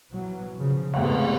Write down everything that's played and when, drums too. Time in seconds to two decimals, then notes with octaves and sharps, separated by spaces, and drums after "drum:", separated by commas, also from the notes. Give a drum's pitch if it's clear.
0.12 B2 E3 F#3
0.57 C#3 F3
0.94 E2 G#2 C3 A3 B3 C4, drum: cymbal